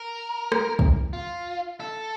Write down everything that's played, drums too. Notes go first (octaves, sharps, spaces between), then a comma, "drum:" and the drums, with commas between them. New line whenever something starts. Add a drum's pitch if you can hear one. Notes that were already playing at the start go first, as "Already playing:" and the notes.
Already playing: A#4
drum: rim click
drum: kick
F4
A4